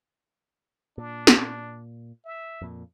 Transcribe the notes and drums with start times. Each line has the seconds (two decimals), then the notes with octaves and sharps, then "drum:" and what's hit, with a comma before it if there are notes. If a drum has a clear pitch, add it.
0.98 A#2 D4
1.27 drum: snare
2.25 E5
2.62 F2 A#2